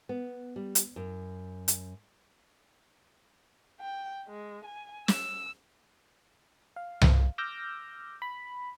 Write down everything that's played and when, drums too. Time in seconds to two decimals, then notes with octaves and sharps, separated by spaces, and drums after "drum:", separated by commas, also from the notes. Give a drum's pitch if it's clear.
0.09 B3
0.56 G3
0.75 drum: hi-hat
0.96 F#2
1.68 drum: hi-hat
3.80 G5
4.28 G#3
4.65 G#5
5.08 E6, drum: snare
6.76 F5
7.01 drum: tom C2
7.38 D6 E6 F6 G6 A#6
8.22 B5